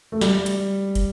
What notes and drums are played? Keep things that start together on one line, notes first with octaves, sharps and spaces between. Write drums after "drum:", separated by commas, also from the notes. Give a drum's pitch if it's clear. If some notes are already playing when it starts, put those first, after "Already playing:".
A3
G3, drum: snare
drum: hi-hat
drum: kick, hi-hat